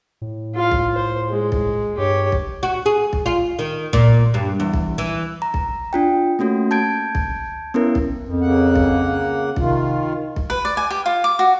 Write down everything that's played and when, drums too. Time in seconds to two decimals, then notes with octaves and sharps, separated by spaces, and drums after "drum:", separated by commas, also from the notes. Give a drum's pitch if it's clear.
0.22 A2
0.55 F4 F5
0.71 drum: kick B1
0.95 C5
1.29 G#3
1.52 drum: kick B1
1.98 G2 G4 C#5
2.32 drum: kick B1
2.63 F#4
2.86 G#4
3.13 drum: kick B1
3.26 F4
3.59 D#3
3.93 A#2, drum: kick B1
4.34 G2
4.60 E2
4.73 drum: kick B1
4.98 E3
5.42 A#5
5.54 drum: kick B1
5.93 D4 F4 G5
6.39 A3 A#3 C#4 F#4
6.71 A5 G6 G#6 D7
7.15 drum: kick B1
7.74 B3 C#4 E4 A#4
7.95 drum: kick B1
8.23 F2
8.41 C#3 A#3 F#5
8.76 drum: kick B1
9.56 C3 D#3 F4, drum: kick B1
10.36 drum: kick B1
10.50 B4
10.65 D5
10.77 G#5
10.90 G4
11.06 F4
11.24 D6
11.39 F#4